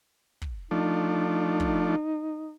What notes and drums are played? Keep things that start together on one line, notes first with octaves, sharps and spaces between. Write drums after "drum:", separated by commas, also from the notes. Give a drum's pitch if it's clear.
drum: kick
F3 A3 D4 D#4
drum: kick